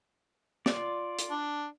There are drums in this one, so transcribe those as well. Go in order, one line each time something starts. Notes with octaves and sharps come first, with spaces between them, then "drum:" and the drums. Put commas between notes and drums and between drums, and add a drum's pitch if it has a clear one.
F4 D5, drum: snare
drum: hi-hat
D4